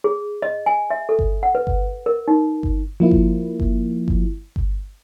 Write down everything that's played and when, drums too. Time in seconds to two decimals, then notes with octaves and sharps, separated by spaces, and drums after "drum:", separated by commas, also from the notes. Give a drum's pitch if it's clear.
0.04 G#4
0.42 D#5
0.66 G#5
0.90 E5
1.09 A4
1.19 drum: kick G1
1.43 F#5
1.55 B4
1.67 drum: kick G1
2.06 A#4
2.28 D#4
2.63 drum: kick G1
3.00 F3 A#3 E4
3.11 drum: kick G1
3.60 drum: kick G1
4.08 drum: kick G1
4.56 drum: kick G1